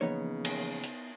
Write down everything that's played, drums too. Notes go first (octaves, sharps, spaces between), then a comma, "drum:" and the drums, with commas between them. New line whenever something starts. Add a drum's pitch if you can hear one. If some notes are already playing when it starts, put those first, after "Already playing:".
C#3 E3 F3 A#3 B3 D#4 C#5
drum: cymbal
drum: hi-hat